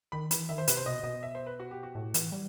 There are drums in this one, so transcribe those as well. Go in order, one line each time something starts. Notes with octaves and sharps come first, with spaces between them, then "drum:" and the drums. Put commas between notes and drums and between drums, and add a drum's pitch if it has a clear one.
D#3 B5
E3 B5, drum: hi-hat
D#3 E5
C5
C3 B4, drum: hi-hat
C5
B2 D#5
B2 D#5
E5
C5
B4
F#4
G4
F#4
A2
E3, drum: hi-hat
G3